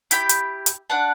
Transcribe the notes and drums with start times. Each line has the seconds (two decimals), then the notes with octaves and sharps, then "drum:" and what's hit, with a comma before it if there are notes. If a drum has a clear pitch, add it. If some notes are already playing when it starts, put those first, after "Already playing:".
0.11 E4 G4 B5, drum: hi-hat
0.29 drum: hi-hat
0.66 drum: hi-hat
0.90 D4 F#5 A5